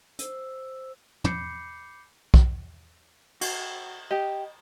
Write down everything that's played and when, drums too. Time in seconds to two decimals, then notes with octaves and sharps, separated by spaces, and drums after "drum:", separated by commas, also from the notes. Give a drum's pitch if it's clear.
0.19 C5 E6, drum: hi-hat
1.24 B5 D6 G6 C7 C#7, drum: tom
2.34 drum: kick B1
3.41 F#4, drum: cymbal
4.11 G4 D#5 G5